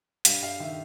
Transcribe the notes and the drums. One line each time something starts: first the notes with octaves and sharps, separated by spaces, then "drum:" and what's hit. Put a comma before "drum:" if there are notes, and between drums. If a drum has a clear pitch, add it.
G2 F5, drum: hi-hat
F5
D#3 E5